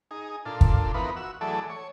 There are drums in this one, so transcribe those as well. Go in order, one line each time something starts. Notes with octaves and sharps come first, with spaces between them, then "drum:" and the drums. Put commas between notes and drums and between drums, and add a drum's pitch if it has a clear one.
D#4 G#4
A#2 D4 F4 A4
drum: kick
E3 F3 B3 D#4 A#4 B4
F#4 E6
E3 F#3 A3 G#4 A4 D5
C#5